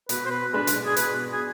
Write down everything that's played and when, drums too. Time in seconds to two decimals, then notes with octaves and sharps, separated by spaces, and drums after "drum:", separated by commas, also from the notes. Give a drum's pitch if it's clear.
0.09 B2 B4, drum: hi-hat
0.26 C5
0.30 B4
0.53 G#3 D4 B4
0.67 drum: hi-hat
0.86 G#4
0.97 B2 B4, drum: hi-hat
1.32 G#4